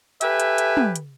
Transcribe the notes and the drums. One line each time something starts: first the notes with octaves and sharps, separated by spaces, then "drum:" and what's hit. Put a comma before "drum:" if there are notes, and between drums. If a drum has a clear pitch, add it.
G4 A4 B4 E5 G#5, drum: hi-hat
drum: hi-hat
drum: hi-hat
drum: tom
drum: hi-hat